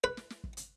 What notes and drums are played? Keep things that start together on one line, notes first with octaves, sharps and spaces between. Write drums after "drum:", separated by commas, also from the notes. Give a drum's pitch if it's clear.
B4
drum: snare
drum: snare
drum: kick
drum: hi-hat